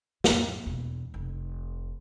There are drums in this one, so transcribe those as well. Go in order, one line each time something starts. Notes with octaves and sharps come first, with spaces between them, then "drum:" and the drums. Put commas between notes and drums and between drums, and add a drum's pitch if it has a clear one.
F2 A2, drum: snare
E1 E2
F1